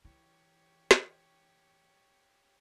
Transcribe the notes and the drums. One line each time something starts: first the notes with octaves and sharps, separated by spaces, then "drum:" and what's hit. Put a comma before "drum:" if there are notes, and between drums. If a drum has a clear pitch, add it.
E3 G4 C#5 C#6
drum: snare